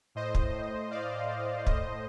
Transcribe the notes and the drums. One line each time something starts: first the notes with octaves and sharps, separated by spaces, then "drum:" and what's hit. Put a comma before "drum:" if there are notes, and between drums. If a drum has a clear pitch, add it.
A2 C5 D#5
drum: kick
D5 F5
A2 C5 D#5, drum: kick